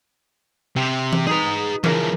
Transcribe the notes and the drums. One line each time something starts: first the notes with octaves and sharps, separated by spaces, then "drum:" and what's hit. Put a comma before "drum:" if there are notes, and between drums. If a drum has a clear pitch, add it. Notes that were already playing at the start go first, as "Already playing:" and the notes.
C3 C4
drum: tom E3
D#4 G#4 B4 A#5
C#3 E3 F3 A#4, drum: tom E3